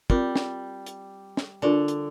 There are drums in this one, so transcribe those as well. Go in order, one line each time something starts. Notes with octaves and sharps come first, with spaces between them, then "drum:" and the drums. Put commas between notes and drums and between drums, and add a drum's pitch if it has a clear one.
G3 C4 F4 A#4 D5, drum: kick
drum: snare
drum: hi-hat
drum: snare
D3 D4 F4 A#4 D5
drum: hi-hat